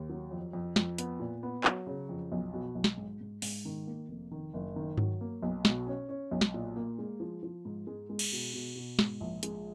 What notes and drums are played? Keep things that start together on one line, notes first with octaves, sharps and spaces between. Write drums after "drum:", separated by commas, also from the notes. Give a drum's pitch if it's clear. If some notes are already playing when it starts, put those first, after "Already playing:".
Already playing: D#2
F#3
F2
F2
F2, drum: snare
B3, drum: hi-hat
A#2
B3
F#3, drum: clap
C#3
F2
B1
B2
B1
drum: snare
G#2
G#2
G#2, drum: open hi-hat
D#3
A#3
F1
D#3
F#1
D#3
F#3, drum: tom G2
A#3
B1
B2, drum: snare
C#4
C#4
B1
drum: snare
A#2
A#3
G#3
F3
F3
G#2
G#3
G#3
drum: cymbal
B2
B2
B2
G#2, drum: snare
A#1
G#3, drum: hi-hat